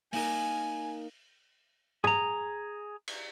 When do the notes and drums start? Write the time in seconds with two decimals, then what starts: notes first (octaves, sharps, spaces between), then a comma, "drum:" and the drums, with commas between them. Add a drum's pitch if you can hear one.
0.13 A#3 D#4 A#4 G#5, drum: open hi-hat
2.04 G#4 A#5, drum: tom
3.08 drum: cymbal